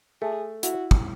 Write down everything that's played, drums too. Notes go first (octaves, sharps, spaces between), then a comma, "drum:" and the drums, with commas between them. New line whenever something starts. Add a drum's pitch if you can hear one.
A3 G#4
E4 F#4, drum: hi-hat
drum: kick